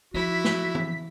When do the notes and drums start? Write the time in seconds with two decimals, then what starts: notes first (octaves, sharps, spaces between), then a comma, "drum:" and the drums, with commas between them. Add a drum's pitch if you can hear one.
0.14 F3 E4 F#4 B6
0.45 drum: snare
0.75 drum: tom